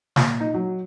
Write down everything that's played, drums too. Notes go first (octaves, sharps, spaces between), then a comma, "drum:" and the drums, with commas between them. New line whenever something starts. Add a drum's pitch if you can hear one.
A#2, drum: snare
D#4
F#3